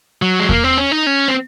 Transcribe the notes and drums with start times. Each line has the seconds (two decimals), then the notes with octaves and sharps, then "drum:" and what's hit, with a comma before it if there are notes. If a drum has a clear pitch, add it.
0.22 F#3
0.40 G#3
0.49 A#3, drum: kick E2
0.64 C4
0.78 C#4
0.92 D#4
1.07 C#4
1.28 C4